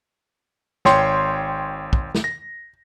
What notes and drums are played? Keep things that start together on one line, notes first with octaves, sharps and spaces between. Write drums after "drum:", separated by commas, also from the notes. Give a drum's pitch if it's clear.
G#1 C#5 G5 C6, drum: snare
drum: kick
drum: snare
A#6